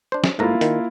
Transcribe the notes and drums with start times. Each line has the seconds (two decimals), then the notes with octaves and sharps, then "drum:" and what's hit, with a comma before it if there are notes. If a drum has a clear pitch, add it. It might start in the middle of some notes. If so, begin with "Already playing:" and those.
0.12 D4 C5
0.24 drum: snare
0.39 G#2 A3 A#3 E4 F4 A#5
0.61 D#3, drum: hi-hat